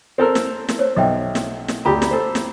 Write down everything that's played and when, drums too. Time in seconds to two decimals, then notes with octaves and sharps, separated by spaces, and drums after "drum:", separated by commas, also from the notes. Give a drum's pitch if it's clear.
0.18 C4 A4 A#4
0.35 drum: snare
0.69 drum: snare
0.79 C5 C#5
0.96 B1 D#5 E5 G5
1.35 drum: snare
1.68 drum: snare
1.85 D2 G4 G#4 A#5 B5
2.02 drum: snare
2.11 A4 C5
2.35 drum: snare